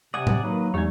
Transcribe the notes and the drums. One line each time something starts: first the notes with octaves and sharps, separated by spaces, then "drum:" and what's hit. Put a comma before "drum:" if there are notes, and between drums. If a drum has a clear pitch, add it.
C3 D5 F#5 G#5 D#6
drum: tom A2
D#3 F#3 A#3 B4
E2 G#2 G3 C#5 G#5